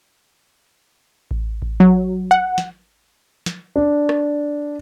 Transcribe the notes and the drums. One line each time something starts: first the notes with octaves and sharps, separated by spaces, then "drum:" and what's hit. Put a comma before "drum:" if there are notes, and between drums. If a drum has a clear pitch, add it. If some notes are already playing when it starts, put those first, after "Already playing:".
drum: kick A1
drum: kick A1
F#3
F#5
drum: snare
drum: snare
D4
drum: rim click